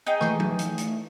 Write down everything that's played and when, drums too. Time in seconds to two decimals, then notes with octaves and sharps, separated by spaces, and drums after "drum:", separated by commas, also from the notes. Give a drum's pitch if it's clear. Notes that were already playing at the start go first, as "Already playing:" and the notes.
0.06 D#4 G#4 G5
0.21 E3 A3, drum: rim click
0.40 drum: tom F3
0.59 drum: hi-hat
0.78 drum: hi-hat